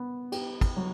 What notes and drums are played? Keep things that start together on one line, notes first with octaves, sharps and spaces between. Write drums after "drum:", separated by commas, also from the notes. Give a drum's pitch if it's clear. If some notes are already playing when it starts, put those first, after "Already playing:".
Already playing: B3
G4, drum: cymbal
drum: kick, cymbal
F#3